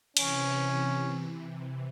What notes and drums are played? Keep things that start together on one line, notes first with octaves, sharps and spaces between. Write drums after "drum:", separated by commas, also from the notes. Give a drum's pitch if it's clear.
C3 E3 C#4, drum: cymbal